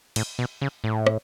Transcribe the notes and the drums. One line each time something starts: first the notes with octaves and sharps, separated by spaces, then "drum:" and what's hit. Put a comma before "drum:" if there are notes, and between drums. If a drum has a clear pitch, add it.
A2, drum: cymbal
B2
C#3
A2
drum: rim click